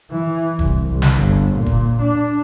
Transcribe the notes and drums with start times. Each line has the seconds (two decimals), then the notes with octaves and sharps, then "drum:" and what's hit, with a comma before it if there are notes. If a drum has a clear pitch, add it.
0.11 E3
0.59 C2, drum: kick
0.89 C2
1.02 drum: snare
1.17 G1
1.53 A#2
1.66 drum: kick
2.01 D4